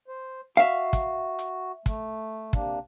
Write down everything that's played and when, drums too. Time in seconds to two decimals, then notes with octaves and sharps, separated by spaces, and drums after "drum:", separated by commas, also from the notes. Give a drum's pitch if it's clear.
0.08 C5
0.57 F#4 E5 F5
0.93 drum: kick, hi-hat
1.39 drum: hi-hat
1.86 A3, drum: kick, hi-hat
2.53 C3 A#3 D4, drum: kick